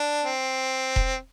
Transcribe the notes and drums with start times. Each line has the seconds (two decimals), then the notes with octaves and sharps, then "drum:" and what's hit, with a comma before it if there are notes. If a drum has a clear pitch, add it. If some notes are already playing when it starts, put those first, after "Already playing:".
Already playing: D4
0.23 C4
0.96 drum: kick E1